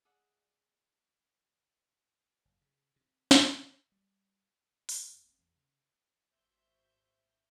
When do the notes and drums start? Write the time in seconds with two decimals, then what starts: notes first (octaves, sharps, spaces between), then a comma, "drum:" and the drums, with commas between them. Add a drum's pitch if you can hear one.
0.05 G#4 D5 E5 F#5
2.45 F#1
2.61 C#3
2.96 C3
3.31 drum: snare
3.92 G3
4.89 F#3 C#4, drum: open hi-hat
5.08 F2 B3
5.24 B3 C4
5.39 E2
5.54 C#3
6.32 G#1 F#4 C5 E5 G6